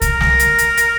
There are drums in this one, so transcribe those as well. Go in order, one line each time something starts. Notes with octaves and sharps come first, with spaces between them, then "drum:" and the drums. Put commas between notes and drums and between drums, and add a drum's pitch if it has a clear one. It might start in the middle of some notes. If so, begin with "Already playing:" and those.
A#4, drum: kick C2, hi-hat
drum: snare
drum: hi-hat
drum: hi-hat
drum: hi-hat